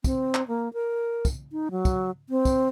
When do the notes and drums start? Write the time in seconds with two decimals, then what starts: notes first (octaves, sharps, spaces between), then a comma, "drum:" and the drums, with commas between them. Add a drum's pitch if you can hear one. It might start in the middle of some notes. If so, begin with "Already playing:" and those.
0.04 C4, drum: kick, tambourine
0.35 drum: clap
0.48 A#3
0.73 A#4
1.25 drum: kick, tambourine
1.52 D#4
1.71 F#3
1.85 drum: kick, tambourine
2.29 C4
2.45 drum: kick, tambourine